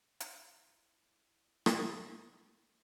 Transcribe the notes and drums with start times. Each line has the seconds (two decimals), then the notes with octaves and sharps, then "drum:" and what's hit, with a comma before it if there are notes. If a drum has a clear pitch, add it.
0.20 E4 F4 A#5 B5, drum: hi-hat
1.66 drum: rim click